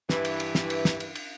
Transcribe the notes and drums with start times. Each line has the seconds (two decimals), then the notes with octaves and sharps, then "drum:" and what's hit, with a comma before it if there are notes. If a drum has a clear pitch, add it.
0.10 G2 E3, drum: snare
0.25 drum: cymbal
0.40 drum: cymbal
0.55 drum: snare
0.70 drum: cymbal
0.85 drum: snare
1.00 drum: cymbal
1.15 drum: cymbal